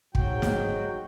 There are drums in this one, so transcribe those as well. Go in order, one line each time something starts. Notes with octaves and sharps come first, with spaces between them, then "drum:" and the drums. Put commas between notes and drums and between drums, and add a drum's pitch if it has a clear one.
G#2 F#3 F#4 G5, drum: kick
drum: snare